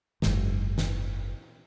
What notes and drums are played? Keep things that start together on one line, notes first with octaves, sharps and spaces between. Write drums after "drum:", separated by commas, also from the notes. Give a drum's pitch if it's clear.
F#1 G#2, drum: snare
drum: snare